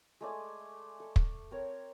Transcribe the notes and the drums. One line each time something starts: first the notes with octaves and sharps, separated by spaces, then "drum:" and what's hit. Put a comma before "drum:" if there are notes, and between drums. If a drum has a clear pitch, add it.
G#3 A3 D5 G#5
A4
drum: kick
C4 A#4 C#5